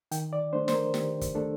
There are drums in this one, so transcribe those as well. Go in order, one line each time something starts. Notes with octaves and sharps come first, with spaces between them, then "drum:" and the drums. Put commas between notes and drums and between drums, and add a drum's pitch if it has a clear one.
D#3 G5, drum: hi-hat
D5
A3 D4 C5
C5, drum: snare
A#4
D#3 G4, drum: snare
drum: kick, hi-hat
A3 D4 A4